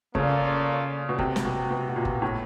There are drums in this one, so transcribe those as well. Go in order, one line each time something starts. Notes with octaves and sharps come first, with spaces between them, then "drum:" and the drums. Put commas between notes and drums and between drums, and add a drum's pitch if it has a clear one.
C#3 A#3 C#4 F4 A4 D5, drum: kick F#1
B2
C3, drum: kick F#1
drum: snare
B2
B2
B2
A#2
drum: kick F#1
A2